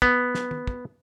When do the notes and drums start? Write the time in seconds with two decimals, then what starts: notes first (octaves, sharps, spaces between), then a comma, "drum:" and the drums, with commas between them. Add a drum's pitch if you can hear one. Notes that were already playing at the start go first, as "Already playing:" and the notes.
0.02 B3, drum: kick
0.35 drum: snare
0.51 drum: tom
0.67 drum: kick